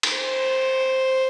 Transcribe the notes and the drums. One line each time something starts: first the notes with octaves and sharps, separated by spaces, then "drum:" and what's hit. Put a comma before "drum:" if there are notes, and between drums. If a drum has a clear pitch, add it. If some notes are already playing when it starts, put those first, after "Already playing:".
drum: cymbal
C5